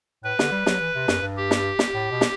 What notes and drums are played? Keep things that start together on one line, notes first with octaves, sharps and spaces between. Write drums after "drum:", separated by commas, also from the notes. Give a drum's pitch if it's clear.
A2 B4
D3, drum: snare
G3
F#3, drum: snare
E3
C3
F#2, drum: snare
G2
G4
drum: snare
drum: snare
A2
B2
drum: snare